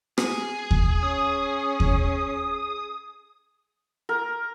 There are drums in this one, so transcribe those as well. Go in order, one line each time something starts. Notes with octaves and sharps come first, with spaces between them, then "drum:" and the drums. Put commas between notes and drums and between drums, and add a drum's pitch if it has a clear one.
G#4, drum: rim click
drum: kick D#2
C#4 D#6
drum: kick D#2
A#4